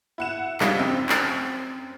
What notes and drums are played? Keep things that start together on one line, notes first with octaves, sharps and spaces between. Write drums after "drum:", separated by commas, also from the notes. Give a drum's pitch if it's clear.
E4 F#5 E7
F3 G3 D#4 F4, drum: clap
F#2 C4 E6
drum: clap